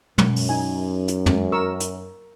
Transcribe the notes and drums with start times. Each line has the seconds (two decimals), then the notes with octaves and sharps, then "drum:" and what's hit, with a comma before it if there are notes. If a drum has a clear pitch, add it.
0.18 F#2, drum: tom
0.36 drum: open hi-hat
0.49 D#4 G#5
1.08 drum: hi-hat
1.26 drum: tom
1.52 A#4 C#6 E6
1.80 drum: hi-hat